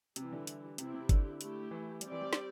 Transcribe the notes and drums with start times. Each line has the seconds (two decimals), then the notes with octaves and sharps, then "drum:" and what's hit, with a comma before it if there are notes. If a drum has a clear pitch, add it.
0.16 C3 E3 G3 E4 G4, drum: hi-hat
0.33 D3
0.47 drum: hi-hat
0.78 C3 C4 E4 G4, drum: hi-hat
0.94 C3
1.09 D3, drum: kick G1, hi-hat
1.41 A3 E4 G4, drum: hi-hat
1.71 E3
2.01 G3 C4 G4 D5, drum: hi-hat
2.12 E3
2.21 G3
2.33 drum: snare